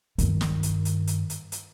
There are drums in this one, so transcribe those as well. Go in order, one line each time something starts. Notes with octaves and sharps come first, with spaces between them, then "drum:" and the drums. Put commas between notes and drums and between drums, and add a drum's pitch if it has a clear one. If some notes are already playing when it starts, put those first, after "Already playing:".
G2 D#3, drum: hi-hat
drum: snare
drum: hi-hat
drum: hi-hat
drum: hi-hat
drum: hi-hat
drum: hi-hat